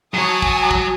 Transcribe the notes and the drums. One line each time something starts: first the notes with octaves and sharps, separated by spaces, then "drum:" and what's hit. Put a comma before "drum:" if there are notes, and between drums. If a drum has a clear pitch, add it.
F#3 C#5 G#5 A5 D#6
drum: kick
drum: kick